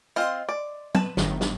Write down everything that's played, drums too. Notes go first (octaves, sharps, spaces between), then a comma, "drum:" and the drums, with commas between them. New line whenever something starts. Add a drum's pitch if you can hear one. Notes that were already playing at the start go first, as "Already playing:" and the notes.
C4 F4 D#5 C6
D5
B4 A5, drum: tom
G1 A2 D#3, drum: snare
drum: snare